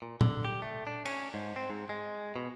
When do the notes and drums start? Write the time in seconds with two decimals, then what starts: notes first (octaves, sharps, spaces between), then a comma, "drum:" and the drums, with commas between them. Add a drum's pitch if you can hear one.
0.02 A#2
0.21 D3, drum: tom
0.45 G4
0.62 A3
0.87 D4
1.06 C#4, drum: cymbal
1.34 G#2
1.56 C4
1.70 G#2
1.89 G#3
2.36 B2